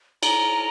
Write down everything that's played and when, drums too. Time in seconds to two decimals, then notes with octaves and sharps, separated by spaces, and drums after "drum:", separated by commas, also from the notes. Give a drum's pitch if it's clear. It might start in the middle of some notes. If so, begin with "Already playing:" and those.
0.23 A#5, drum: cymbal